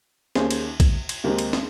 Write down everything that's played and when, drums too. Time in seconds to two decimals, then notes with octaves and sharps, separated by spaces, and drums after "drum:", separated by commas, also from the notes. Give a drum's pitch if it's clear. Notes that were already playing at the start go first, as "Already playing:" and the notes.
0.36 D#2 D#3 A#3 C#4 G#4 C5, drum: snare
0.51 drum: cymbal
0.80 drum: kick, cymbal
1.09 drum: cymbal
1.24 D#2 D#3 G#3 C4 D#4 G4 A#4
1.39 drum: cymbal
1.53 drum: snare